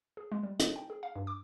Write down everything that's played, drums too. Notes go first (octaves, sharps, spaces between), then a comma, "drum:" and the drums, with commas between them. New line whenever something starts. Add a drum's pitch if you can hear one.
G#4
G#3
G3
D#5, drum: hi-hat
G5
G#4
F5
G2
D6